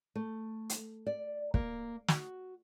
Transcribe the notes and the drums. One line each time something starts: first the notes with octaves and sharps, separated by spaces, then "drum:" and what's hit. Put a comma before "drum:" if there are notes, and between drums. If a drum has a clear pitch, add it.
A3
drum: hi-hat
D5
A#3, drum: kick
F#4, drum: snare